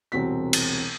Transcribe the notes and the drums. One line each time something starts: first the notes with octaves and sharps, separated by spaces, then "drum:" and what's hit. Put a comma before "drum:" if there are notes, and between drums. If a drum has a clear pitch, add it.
E1 C2 C4 F#4 B6
drum: cymbal